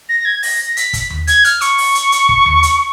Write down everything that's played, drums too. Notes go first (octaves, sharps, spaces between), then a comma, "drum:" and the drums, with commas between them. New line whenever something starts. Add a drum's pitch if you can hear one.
A#6
G#6
A#6, drum: open hi-hat
A#6
B6, drum: hi-hat
drum: kick, hi-hat
drum: tom D#2
G#6, drum: hi-hat
F6, drum: hi-hat
C#6, drum: hi-hat
drum: open hi-hat
drum: hi-hat
drum: hi-hat
drum: kick
drum: tom D#2
drum: hi-hat